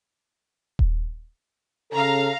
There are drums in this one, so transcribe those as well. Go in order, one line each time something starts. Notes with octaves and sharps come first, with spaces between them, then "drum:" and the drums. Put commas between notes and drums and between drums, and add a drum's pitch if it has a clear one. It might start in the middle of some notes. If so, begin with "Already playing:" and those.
drum: kick D#1
C#3 A4 F5 A#5